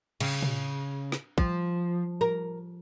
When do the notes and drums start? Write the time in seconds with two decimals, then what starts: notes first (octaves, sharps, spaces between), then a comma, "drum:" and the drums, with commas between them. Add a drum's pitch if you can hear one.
0.20 C#3, drum: cymbal
0.43 drum: tom
1.12 drum: snare
1.38 F3, drum: kick
2.21 A#4